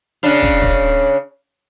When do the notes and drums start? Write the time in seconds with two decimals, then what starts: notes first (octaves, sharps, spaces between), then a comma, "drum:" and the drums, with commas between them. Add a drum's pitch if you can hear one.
0.23 C#3 D4
0.42 drum: kick
0.62 drum: kick